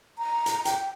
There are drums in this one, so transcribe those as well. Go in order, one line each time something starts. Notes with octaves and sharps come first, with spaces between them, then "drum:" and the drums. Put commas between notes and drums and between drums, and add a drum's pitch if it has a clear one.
A#5
drum: hi-hat
G5, drum: hi-hat